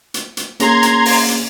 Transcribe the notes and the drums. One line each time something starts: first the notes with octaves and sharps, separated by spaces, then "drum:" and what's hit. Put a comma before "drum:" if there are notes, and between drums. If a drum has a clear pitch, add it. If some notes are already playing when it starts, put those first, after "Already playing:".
drum: hi-hat
drum: hi-hat
A#3 C#4 G#4 A#5 C6 G#6, drum: hi-hat
drum: hi-hat
drum: open hi-hat
drum: hi-hat